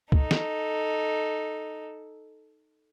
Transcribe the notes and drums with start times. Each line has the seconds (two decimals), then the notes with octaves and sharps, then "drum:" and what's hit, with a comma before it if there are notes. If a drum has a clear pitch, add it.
0.12 D#4 A4, drum: kick
0.31 drum: snare